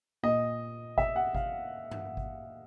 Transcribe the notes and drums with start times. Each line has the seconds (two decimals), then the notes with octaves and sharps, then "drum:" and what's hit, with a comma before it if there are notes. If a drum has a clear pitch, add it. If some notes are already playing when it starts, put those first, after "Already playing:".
0.23 A#2 D#5
0.98 E5, drum: kick G#1
1.16 F#5
1.35 F5, drum: kick G#1
1.91 drum: tom G2
2.17 drum: kick G#1